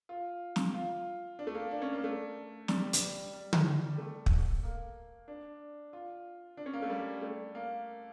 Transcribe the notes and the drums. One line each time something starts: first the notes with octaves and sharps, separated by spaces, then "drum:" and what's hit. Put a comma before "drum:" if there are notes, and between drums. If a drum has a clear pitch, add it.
F4
drum: snare
F4
D4
A3
A#3
D4
C#4
A#3
A3
G3, drum: snare
drum: hi-hat
G3
drum: tom D3
G3
A3
drum: kick
A#3
D4
F4
D4
C#4
A#3
A3
G3
A3
A#3